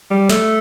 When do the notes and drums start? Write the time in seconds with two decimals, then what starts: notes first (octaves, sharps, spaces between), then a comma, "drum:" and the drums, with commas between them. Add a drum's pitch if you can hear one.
0.10 G3
0.29 A3, drum: snare